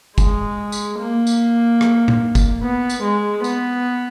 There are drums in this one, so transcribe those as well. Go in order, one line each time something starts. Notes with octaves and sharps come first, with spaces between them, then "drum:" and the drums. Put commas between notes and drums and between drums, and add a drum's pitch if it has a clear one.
G#3, drum: kick, tambourine
drum: tambourine
A#3
drum: tambourine
drum: rim click
drum: tom A#2
drum: kick, tambourine
B3
drum: tambourine
G#3
B3, drum: tambourine